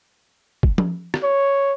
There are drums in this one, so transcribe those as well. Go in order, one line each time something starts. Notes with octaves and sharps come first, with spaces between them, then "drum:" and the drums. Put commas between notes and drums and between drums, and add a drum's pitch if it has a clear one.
drum: kick
drum: tom F3
drum: rim click
C#5